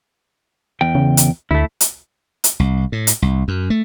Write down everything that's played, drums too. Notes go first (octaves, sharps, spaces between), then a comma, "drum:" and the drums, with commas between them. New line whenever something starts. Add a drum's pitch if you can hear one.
E2 G5
C#3
drum: hi-hat
D2 A3 E4
drum: hi-hat
drum: hi-hat
C2
A2
drum: hi-hat
C2
F#2
A3